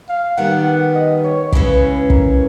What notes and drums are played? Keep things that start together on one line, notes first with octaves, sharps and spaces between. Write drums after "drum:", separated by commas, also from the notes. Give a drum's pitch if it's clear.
F5
D#3 G3 B3 F#5
F#5
D#5
C#5
C#3 E3 G#3 C#4 B4, drum: kick
A#4, drum: kick